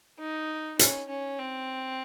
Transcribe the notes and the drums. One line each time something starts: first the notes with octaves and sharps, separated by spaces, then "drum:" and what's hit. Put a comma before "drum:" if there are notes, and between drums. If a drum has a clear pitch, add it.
D#4
C#4, drum: hi-hat
C#4
C4